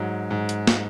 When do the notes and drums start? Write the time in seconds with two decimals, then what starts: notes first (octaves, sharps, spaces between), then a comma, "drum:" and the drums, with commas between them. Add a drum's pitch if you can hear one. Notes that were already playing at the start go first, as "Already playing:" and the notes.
Already playing: G#2 F#3
0.31 G#2
0.49 drum: hi-hat
0.67 drum: snare